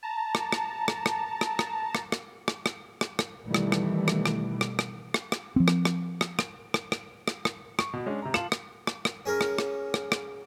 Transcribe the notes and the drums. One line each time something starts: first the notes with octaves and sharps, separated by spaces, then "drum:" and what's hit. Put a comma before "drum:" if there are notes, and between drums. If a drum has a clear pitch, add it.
A5 A#5
drum: rim click
drum: rim click
drum: rim click
drum: rim click
drum: rim click
drum: rim click
drum: rim click
drum: rim click
drum: rim click
drum: rim click
drum: rim click
drum: rim click
B2 D#3 E3 G3 A3
drum: rim click
drum: rim click
drum: rim click
drum: rim click
drum: rim click
drum: rim click
drum: rim click
drum: rim click
F3 C4
drum: rim click
drum: rim click
drum: rim click
drum: rim click
drum: rim click
drum: rim click
drum: rim click
drum: rim click
C#6, drum: rim click
B2
G#3 C#4 D4
C3 A#5
F4 A5 E7 F#7, drum: rim click
drum: rim click
drum: rim click
drum: rim click
C#4 G#4 A#4
drum: rim click
drum: rim click
drum: rim click
drum: rim click